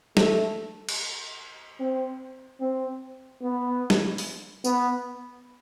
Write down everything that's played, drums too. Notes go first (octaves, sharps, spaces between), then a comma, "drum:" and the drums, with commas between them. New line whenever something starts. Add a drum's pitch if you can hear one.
A3, drum: snare
drum: cymbal
C4
C4
B3
drum: snare
drum: open hi-hat
B3, drum: tambourine